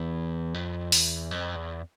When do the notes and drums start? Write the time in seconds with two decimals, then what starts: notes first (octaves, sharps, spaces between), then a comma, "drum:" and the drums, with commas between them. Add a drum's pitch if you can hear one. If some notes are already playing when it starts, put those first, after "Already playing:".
Already playing: E2
0.54 F2
0.92 E2, drum: open hi-hat
1.31 F2
1.56 E2